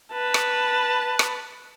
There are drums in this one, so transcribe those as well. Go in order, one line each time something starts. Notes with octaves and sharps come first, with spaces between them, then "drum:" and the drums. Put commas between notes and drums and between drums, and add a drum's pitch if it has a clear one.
B4 A5
drum: rim click
drum: rim click